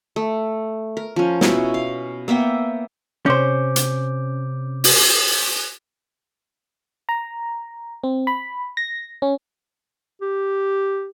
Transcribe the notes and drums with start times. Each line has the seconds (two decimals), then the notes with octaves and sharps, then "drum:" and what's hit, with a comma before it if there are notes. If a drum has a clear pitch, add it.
0.16 A3
0.97 A#4
1.16 F3 C#4
1.41 B2 C#4 E4, drum: snare
1.74 F5
2.28 A#3 B3 E5 G5
3.26 C3 C#4 C5 D6 G6
3.76 drum: hi-hat
4.84 drum: open hi-hat
7.09 A#5
8.04 C4
8.27 B5
8.77 A#6
9.22 C#4
10.21 G4